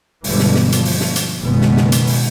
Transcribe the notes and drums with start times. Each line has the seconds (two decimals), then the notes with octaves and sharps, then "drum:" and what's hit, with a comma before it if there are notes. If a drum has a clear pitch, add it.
0.24 G1 B2 D3 E3 G3 G#3, drum: open hi-hat
0.39 drum: snare
0.55 drum: snare
0.72 F3, drum: hi-hat
0.85 drum: open hi-hat
1.00 drum: snare
1.16 drum: hi-hat
1.39 F#1 B2 D#3 G#3 B3
1.61 drum: snare
1.77 drum: snare
1.92 drum: hi-hat
2.07 drum: open hi-hat